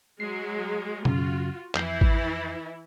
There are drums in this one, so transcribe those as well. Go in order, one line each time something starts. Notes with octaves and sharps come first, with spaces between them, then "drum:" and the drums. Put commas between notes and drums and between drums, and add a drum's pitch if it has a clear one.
F#3 G#3 C7
F#2 C#3 F4 F#4, drum: tom B2
F2 E3 E4 G6 C7, drum: clap
drum: kick G#1